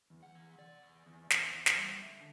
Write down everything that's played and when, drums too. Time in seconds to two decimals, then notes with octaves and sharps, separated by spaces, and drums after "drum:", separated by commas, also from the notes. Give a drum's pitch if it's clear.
0.10 E2
0.23 F#5
0.35 E3
0.58 C3 D5
0.82 E2
1.06 E2
1.30 E2, drum: snare
1.54 E2
1.66 drum: snare
1.77 G3
2.02 D3 E5